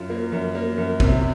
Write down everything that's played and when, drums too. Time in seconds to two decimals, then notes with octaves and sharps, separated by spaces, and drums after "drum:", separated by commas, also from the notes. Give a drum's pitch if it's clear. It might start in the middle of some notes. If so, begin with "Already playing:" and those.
Already playing: F#2 F4
0.10 A#3
0.32 F#2
0.55 A#3
0.78 F#2
1.00 C3, drum: kick